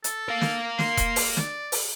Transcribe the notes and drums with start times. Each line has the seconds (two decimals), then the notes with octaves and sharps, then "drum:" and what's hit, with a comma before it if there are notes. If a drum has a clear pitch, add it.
0.04 A4, drum: hi-hat
0.29 A#4 F5
0.41 drum: snare
0.79 C6, drum: snare
0.97 drum: kick E1, hi-hat
1.16 drum: open hi-hat
1.37 D5, drum: snare
1.72 drum: open hi-hat